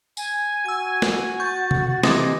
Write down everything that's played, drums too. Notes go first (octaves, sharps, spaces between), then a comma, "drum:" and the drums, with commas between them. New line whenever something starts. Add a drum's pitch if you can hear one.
G#5, drum: tambourine
F#4 E6 G#6
drum: snare
C#6 G6 A6
drum: tom C3
C3 E3 D#4 D6 D#6 A#6, drum: snare